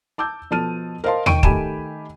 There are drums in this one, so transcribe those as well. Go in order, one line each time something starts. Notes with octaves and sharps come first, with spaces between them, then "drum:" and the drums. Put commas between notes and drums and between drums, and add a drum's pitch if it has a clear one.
A5 D6 E6 G6
B2 F3 A4 A5 F6 D#7
A#4 C5 D#5 F5 A5 C6
D#3 G5 C#6 D7 D#7, drum: tom D#2
D#3 A3 G4 G#5 B5 E7, drum: kick